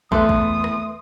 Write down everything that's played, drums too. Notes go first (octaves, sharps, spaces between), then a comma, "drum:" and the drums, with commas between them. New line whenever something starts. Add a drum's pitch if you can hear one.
E2 A3 A4 B4 C6 D#6, drum: kick
drum: kick
drum: rim click